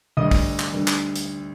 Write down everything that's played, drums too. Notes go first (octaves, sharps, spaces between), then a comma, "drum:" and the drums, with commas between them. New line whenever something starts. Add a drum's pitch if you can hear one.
D2 D3 G3 D#5 D#6
drum: kick, open hi-hat
drum: clap
D3 G3
drum: clap
drum: hi-hat